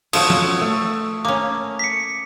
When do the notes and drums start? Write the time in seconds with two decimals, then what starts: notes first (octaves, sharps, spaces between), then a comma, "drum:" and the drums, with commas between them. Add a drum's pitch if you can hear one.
0.13 F3 F4 F#4 A4 C#5 D#6, drum: cymbal
0.30 drum: tom F3
0.61 A3 E5
1.25 A#3 C#4 D6
1.79 B6 C#7